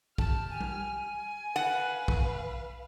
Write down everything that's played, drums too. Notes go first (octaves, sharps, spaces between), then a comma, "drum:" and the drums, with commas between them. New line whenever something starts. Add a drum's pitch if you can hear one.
G4 A5 F6, drum: kick
G#5
drum: tom G3
B4 F5 F#5
drum: kick